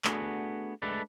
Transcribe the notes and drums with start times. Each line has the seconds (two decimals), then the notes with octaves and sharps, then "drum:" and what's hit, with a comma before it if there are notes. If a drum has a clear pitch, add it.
0.04 A3 B3 D4 D#4 F#4 G#4, drum: clap
0.82 G#3 A3 D4 A4 B4 D5